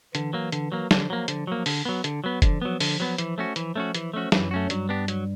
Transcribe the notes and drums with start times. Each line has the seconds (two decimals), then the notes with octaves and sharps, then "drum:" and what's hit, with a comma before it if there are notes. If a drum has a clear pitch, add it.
0.15 D3 E3, drum: hi-hat
0.33 F#3 A#3
0.52 D3, drum: hi-hat
0.72 F#3 A#3
0.91 D3 F3, drum: snare
1.10 F#3 A#3
1.28 D3 F3, drum: hi-hat
1.47 F#3 A#3
1.66 D3, drum: open hi-hat
1.85 F#3 B3
2.04 D3, drum: hi-hat
2.24 F#3 B3
2.42 D3 F3, drum: kick F1, hi-hat
2.62 F#3 B3
2.80 D3, drum: open hi-hat
3.00 F#3 B3
3.18 E3, drum: hi-hat
3.38 A3 C#4 F#4
3.56 E3 F3, drum: hi-hat
3.76 A3 C#4 F#4
3.95 E3, drum: hi-hat
4.14 A3 C#4 F#4
4.32 F#2 E3 F#3, drum: snare
4.51 A3 C#4 F#4
4.70 G2 F#3 G3, drum: hi-hat
4.89 B3 D4 G4
5.08 F#3, drum: hi-hat